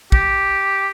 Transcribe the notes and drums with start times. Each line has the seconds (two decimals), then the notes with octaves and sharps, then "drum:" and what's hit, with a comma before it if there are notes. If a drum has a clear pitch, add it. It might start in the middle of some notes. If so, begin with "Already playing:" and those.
0.12 G4, drum: kick